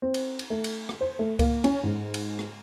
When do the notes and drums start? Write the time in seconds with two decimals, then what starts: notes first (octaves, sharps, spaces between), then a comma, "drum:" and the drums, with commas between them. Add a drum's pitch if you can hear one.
0.02 C4
0.14 drum: cymbal
0.39 drum: cymbal
0.50 A3
0.64 drum: cymbal
0.89 drum: rim click
1.01 C5
1.19 A3
1.39 A#3, drum: kick C#2, cymbal
1.64 C#4, drum: cymbal
1.83 G#2
2.14 drum: cymbal
2.39 drum: rim click